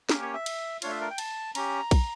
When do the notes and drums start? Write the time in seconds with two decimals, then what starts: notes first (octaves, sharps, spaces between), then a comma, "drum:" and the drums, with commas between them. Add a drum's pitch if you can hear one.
0.09 A#3 C#4 G4 A#4, drum: snare
0.21 C#5
0.34 E5
0.46 drum: cymbal
0.82 A3 D4 F4 C#5, drum: cymbal
0.91 E5
1.01 A#4
1.10 G5
1.18 A5, drum: cymbal
1.55 C#4 G4 A#5, drum: cymbal
1.91 drum: kick A#1, cymbal